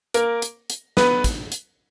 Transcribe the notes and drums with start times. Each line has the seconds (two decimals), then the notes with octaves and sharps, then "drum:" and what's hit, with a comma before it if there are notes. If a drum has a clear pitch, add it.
0.14 A#3 A#4, drum: hi-hat
0.42 drum: hi-hat
0.70 drum: hi-hat
0.97 B3 B4, drum: snare
1.24 drum: kick, hi-hat
1.52 drum: hi-hat